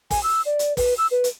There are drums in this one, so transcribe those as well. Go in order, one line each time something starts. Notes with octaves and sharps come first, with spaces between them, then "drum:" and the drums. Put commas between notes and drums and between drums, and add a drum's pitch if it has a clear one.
G#5, drum: kick, open hi-hat
E6
D5
drum: hi-hat
B4, drum: kick, open hi-hat
E6
B4
drum: hi-hat